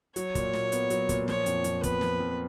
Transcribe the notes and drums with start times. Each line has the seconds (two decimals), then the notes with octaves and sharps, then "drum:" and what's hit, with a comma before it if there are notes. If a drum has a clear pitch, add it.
0.16 F#3 C#5, drum: hi-hat
0.35 A#2, drum: kick, hi-hat
0.53 A#2, drum: snare
0.72 B3, drum: hi-hat
0.90 F#3, drum: hi-hat
1.09 A#2, drum: kick, hi-hat
1.28 F3 C#5, drum: snare
1.46 F2, drum: hi-hat
1.64 F2, drum: hi-hat
1.83 B3 B4, drum: kick, hi-hat
2.01 F3, drum: snare
2.20 F2